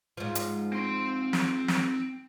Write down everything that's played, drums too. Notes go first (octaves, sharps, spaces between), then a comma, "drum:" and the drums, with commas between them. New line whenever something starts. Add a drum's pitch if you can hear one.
G#2 F3
drum: hi-hat
C4 C6
drum: snare
drum: snare